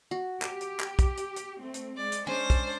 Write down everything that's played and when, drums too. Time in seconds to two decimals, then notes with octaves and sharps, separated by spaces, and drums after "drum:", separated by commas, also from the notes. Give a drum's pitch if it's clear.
0.11 F#4
0.42 G4, drum: clap
0.61 drum: hi-hat
0.80 drum: clap
0.99 drum: kick, hi-hat
1.18 drum: hi-hat
1.37 drum: hi-hat
1.61 A3 C4
1.74 drum: hi-hat
1.97 G#3 D5
2.12 drum: hi-hat
2.27 C#4 D4 C5 G#5 C#6
2.50 drum: kick, hi-hat